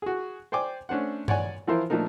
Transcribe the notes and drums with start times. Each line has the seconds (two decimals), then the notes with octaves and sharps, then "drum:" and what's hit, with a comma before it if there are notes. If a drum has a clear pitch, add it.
0.02 F#4 G#4
0.52 C5 D5 G5 G#5 D6
0.89 A3 C#4 D4 C5 F#5
1.28 C#5 D5 F#5 G#5, drum: tom G2
1.67 E3 F3 E4 F4 A#4 C5
1.90 A#2 F3 A3 D4 D#4 A#4